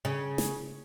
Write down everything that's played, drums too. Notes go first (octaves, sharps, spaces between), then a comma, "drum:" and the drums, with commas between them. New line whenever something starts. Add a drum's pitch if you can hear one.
C#3
drum: snare